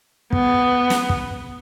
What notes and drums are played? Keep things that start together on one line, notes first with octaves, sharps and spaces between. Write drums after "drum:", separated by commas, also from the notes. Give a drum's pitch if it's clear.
B3, drum: kick
drum: snare
drum: kick